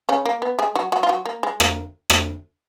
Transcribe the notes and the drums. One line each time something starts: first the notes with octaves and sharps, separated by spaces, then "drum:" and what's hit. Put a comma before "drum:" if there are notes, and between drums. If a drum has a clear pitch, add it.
C#3 C#4
A#3
B3
G#3 G#4
F#3 F#4
F#3 F#4
F4
F#3 F#4
A#3
G#3
A#3, drum: rim click
drum: rim click